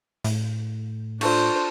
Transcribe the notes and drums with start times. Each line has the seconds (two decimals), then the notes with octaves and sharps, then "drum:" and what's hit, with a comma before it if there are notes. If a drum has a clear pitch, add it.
0.24 A2, drum: hi-hat
1.21 D4 F4 A4 C5 C#6, drum: cymbal